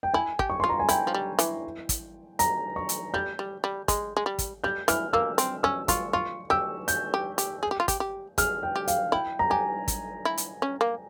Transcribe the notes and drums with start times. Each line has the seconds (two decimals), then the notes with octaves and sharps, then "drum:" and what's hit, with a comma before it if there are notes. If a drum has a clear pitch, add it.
0.03 G5
0.14 E4 G#5
0.39 G4, drum: kick
0.50 C#6
0.60 F4 C6
0.69 A#5
0.80 G#5
0.89 E4 G5, drum: hi-hat
1.07 F3
1.14 G3
1.39 E3, drum: hi-hat
1.89 drum: kick, hi-hat
2.39 A#5, drum: hi-hat
2.76 C#6
2.89 drum: hi-hat
3.14 G3 G6
3.39 G3
3.64 G3
3.88 G#3, drum: kick, hi-hat
4.17 G#3
4.26 G3
4.39 drum: kick, hi-hat
4.64 G3 G6
4.88 E3 F6, drum: hi-hat
5.13 A#3 E6
5.38 C4, drum: hi-hat
5.63 C#4 E6
5.88 F4 C#6, drum: kick, hi-hat
6.13 F4 C#6
6.50 G4 E6
6.88 G6, drum: hi-hat
7.14 G4
7.38 G4, drum: hi-hat
7.63 G#4
7.71 G4
7.80 F4
7.88 G4, drum: kick, hi-hat
8.00 G4
8.38 G#4 F6, drum: kick, hi-hat
8.63 G5
8.76 G4
8.88 F5, drum: hi-hat
9.12 E4 G5
9.39 A#5
9.50 G4 G#5
9.88 drum: kick, hi-hat
10.25 E4
10.38 drum: hi-hat
10.62 C#4
10.81 A#3